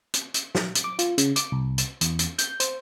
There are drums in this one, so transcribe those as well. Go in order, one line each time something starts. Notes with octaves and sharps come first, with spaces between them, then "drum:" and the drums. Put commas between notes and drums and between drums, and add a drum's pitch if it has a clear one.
drum: hi-hat
drum: hi-hat
drum: snare
drum: hi-hat
D6
F4, drum: hi-hat
C#3, drum: hi-hat
D6, drum: hi-hat
C2
drum: hi-hat
E2, drum: hi-hat
drum: hi-hat
G6, drum: hi-hat
C5, drum: hi-hat